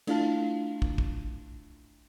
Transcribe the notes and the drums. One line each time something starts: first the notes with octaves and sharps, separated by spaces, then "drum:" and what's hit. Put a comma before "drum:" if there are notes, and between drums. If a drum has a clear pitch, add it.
A3 D4 E4 F4 F5 A5, drum: cymbal
drum: kick
drum: kick